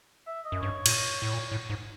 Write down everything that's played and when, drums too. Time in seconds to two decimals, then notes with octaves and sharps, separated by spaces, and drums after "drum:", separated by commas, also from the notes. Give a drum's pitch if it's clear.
0.27 E5
0.45 D#5
0.52 F#2
0.62 G2 C#5
0.86 A#2, drum: cymbal
1.22 A2
1.33 A#2
1.52 A2
1.70 G#2